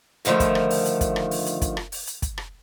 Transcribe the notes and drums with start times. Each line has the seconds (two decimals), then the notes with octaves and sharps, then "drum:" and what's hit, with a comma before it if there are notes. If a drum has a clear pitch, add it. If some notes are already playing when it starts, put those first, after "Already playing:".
0.25 G2 D3 D#3 F3 A3, drum: hi-hat
0.40 drum: kick, hi-hat
0.55 drum: rim click
0.70 drum: open hi-hat
0.86 drum: hi-hat
1.01 drum: kick, hi-hat
1.16 drum: rim click
1.31 drum: open hi-hat
1.46 drum: hi-hat
1.62 drum: kick, hi-hat
1.77 drum: rim click
1.92 drum: open hi-hat
2.07 drum: hi-hat
2.22 drum: kick, hi-hat
2.38 drum: rim click